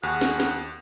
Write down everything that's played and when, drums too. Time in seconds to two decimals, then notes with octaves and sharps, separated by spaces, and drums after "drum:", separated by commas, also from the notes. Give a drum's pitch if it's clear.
0.03 D#2 F#4 G#4 F#5 F6
0.21 drum: snare
0.40 drum: snare